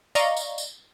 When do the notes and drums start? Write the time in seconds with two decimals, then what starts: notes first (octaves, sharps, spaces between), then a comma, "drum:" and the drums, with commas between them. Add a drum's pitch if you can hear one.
0.15 D5 D#5 F5 A#5 C#6, drum: tambourine
0.37 drum: tambourine
0.58 drum: tambourine